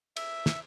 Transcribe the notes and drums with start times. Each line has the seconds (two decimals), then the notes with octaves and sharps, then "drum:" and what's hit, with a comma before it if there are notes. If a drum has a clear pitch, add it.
0.16 E5, drum: cymbal
0.46 drum: snare